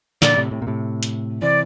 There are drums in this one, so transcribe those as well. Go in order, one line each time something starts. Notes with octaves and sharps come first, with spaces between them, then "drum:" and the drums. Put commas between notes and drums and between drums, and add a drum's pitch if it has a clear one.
A#2 D3 D5, drum: snare
A2 C3
A2 C3
A#2
A2 C3
drum: hi-hat
C3 E3 D5